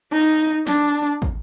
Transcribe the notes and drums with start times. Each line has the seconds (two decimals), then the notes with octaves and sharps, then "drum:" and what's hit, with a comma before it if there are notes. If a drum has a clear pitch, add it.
0.12 D#4
0.67 D4, drum: snare
1.22 drum: kick